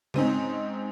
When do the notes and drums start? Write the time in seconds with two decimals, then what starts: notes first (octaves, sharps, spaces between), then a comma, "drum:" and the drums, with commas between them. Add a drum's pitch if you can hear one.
0.14 G#2 C4 C#4 D#4, drum: tom C#3